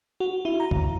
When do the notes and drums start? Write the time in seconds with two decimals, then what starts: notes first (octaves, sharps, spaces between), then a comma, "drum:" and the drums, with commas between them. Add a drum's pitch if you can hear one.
0.20 F#4
0.45 E4
0.60 A#5
0.71 D2, drum: kick